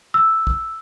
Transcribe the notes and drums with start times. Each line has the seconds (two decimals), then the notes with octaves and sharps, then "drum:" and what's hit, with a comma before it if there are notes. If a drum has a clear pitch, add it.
0.14 E6
0.47 drum: kick